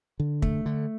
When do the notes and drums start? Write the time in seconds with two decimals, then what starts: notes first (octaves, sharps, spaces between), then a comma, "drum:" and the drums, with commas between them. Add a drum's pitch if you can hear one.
0.20 D3
0.42 A3, drum: kick
0.66 D3